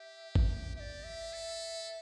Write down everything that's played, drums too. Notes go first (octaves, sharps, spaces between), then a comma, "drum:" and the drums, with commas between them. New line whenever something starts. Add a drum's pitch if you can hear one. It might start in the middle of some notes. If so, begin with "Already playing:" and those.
Already playing: G4 E5
drum: kick
G4 D5 E5
E5
A4